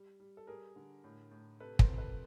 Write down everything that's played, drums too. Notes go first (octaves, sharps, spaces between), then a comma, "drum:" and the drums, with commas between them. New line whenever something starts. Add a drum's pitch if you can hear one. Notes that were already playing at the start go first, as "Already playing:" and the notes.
Already playing: G3
G3
A4
G3 G#4 A#4
D3
A2
A2
C3 A4 B4
A#4 C5, drum: kick
F2
A4 B4